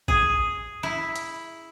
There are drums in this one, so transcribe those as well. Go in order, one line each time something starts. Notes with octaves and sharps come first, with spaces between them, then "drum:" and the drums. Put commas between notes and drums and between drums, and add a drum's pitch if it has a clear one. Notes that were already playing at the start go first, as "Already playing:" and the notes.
G#4, drum: kick A1
E4
drum: hi-hat